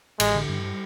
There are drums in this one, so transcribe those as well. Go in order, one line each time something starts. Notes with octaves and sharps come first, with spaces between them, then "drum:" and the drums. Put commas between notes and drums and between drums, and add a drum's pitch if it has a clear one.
A1 G#3, drum: cymbal
D3
G2
G3